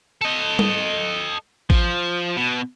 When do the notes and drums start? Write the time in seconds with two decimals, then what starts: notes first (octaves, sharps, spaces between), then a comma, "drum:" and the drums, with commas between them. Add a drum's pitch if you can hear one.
0.22 A4 D#5
0.59 drum: tom G3
1.70 F3, drum: kick
2.36 B2